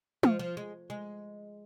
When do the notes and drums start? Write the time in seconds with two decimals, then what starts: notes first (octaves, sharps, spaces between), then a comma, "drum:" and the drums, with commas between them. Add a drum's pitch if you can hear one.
0.23 F3, drum: tom
0.39 F3
0.57 G#3
0.90 G#3